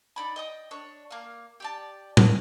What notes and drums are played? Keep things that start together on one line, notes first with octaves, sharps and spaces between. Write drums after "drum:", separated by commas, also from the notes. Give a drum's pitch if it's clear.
D#4 D5 B5
D#5 G5 D#6
D4 C#5
A#3 F5
G4 D5 A5
C4 C#4 B4, drum: tom A2